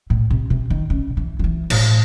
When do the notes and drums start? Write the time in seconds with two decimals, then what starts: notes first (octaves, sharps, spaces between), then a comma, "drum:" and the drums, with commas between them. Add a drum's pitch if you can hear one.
0.10 A2
0.30 C3
0.50 C3
0.70 D#3
0.90 C#3
1.17 E3
1.39 F#3
1.44 E3
1.70 A2, drum: cymbal